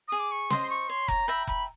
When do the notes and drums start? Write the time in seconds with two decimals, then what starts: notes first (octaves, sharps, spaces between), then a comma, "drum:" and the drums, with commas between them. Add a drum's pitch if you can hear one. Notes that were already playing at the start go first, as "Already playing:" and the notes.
0.08 G#4 D#6
0.20 D6
0.32 C#6
0.50 C5 D#5 C6, drum: snare
0.62 C6
0.70 C#6
0.89 C#5 C6
1.08 A#5, drum: kick F1
1.28 E5 G5 A#5 B5
1.47 B5, drum: kick F1